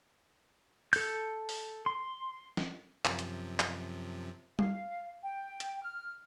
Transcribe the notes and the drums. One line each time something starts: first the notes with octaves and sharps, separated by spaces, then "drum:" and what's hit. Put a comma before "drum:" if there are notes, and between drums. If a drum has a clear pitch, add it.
A4 G6, drum: open hi-hat
drum: open hi-hat
C6
drum: snare
F#2 C3 F3, drum: clap
drum: hi-hat
drum: clap
F5, drum: tom G3
G5
drum: hi-hat
F6